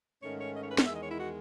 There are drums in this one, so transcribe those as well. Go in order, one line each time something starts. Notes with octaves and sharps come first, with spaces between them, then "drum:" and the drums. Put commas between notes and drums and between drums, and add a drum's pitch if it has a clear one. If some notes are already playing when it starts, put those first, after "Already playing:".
G#2 D#3 A3 C#4 C#5
C#5
D#5
C#5
B4
C#5, drum: snare
E2 D#3 G#3 E5
D#5
C#5
E4
F#4